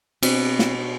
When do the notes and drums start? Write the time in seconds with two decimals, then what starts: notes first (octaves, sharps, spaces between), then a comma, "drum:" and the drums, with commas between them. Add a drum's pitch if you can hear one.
0.23 B2 C4, drum: cymbal
0.59 drum: snare